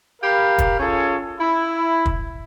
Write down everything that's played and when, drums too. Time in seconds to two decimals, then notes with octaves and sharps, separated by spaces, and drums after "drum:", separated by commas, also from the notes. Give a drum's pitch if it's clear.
0.22 G4 A#4 F5 B5
0.58 drum: kick, hi-hat
0.79 C#4 F4 G#4 A4 C#5
1.39 E4
2.06 drum: kick